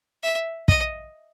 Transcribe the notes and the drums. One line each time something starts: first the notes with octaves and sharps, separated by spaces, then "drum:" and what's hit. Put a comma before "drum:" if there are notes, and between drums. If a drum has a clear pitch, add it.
E5
D#5, drum: kick